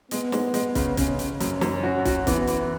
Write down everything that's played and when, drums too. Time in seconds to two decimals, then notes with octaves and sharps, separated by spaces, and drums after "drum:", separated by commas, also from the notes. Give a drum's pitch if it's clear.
0.11 G#3 B3, drum: hi-hat
0.32 G#3, drum: snare
0.54 G#3, drum: hi-hat
0.75 C#3, drum: kick, hi-hat
0.97 C#3 C#4, drum: kick, hi-hat
1.19 C#3, drum: hi-hat
1.40 F#2, drum: hi-hat
1.61 F#2, drum: snare
1.83 C#4 F#4
2.05 F#4, drum: kick, hi-hat
2.27 E3 B3, drum: kick, hi-hat
2.47 E3, drum: hi-hat